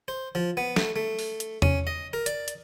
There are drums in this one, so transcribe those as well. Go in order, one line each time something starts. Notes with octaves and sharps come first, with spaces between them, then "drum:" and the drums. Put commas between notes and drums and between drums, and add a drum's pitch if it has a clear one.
C5
F3
B3
A3, drum: snare
A3
drum: open hi-hat
drum: hi-hat
C#4, drum: tom E2
D#5
A#4
D5, drum: hi-hat
drum: hi-hat